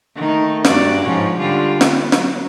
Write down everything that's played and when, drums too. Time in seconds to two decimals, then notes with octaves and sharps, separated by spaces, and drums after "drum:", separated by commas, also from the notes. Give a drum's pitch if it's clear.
0.15 D#3 A3 D#4
0.65 G2 F#4 D5, drum: snare
1.03 G#2 F3 C#4
1.38 D3 G3 F4
1.81 B3, drum: snare
2.12 F#3, drum: snare